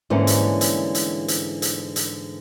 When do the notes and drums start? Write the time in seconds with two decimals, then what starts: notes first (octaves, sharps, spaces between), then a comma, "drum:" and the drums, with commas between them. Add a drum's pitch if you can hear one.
0.10 G#2 D3 E3 G3 A#3 C#4
0.27 drum: hi-hat
0.61 drum: hi-hat
0.95 drum: hi-hat
1.28 drum: hi-hat
1.62 drum: hi-hat
1.96 drum: hi-hat